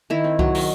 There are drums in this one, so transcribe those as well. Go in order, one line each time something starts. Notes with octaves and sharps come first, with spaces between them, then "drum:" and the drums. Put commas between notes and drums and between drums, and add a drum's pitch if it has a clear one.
D#3 E4
C4
F#3, drum: kick C2
D#3, drum: open hi-hat